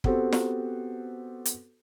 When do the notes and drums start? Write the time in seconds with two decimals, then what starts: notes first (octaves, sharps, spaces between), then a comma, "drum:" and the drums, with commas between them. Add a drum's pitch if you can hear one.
0.04 B3 C4 F#4 G4 A4 C5, drum: kick
0.32 drum: snare
1.45 drum: hi-hat